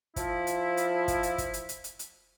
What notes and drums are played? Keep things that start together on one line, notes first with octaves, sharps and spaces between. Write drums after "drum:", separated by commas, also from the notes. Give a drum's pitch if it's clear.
F3 E4, drum: kick, hi-hat
drum: hi-hat
drum: hi-hat
drum: kick, hi-hat
drum: hi-hat
drum: kick, hi-hat
drum: hi-hat
drum: hi-hat
drum: hi-hat
drum: hi-hat